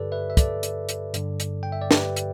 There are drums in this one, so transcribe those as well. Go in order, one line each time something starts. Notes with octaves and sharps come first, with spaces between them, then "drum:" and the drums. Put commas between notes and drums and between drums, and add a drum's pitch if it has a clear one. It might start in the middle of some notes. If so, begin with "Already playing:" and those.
Already playing: G2 D3 G4 A4 B4 D5
B4 E5
E5
A4 D5, drum: kick, hi-hat
drum: hi-hat
drum: hi-hat
G2 D3, drum: hi-hat
drum: hi-hat
G5
E5
D5
G4 B4, drum: snare
drum: hi-hat